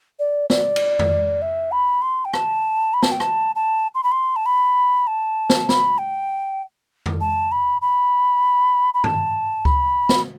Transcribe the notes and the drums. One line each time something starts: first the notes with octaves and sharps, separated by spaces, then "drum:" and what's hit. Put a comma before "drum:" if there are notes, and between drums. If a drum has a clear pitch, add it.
D5
D5, drum: snare
drum: cymbal
drum: tom F2
E5
B5
C6
G5
A5, drum: rim click
B5
A5, drum: snare
G5
A5, drum: rim click
A5
C6
B5
C6
A5
B5
A5
drum: snare
B5, drum: snare
G5
drum: tom F2
A5
B5
B5
B5
A5, drum: tom G2
B5, drum: kick C#2
drum: snare